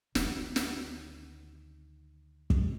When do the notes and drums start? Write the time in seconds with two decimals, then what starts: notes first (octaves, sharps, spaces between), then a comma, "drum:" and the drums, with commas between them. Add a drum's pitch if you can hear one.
0.15 D2 D#3, drum: snare
0.56 drum: snare
2.50 drum: kick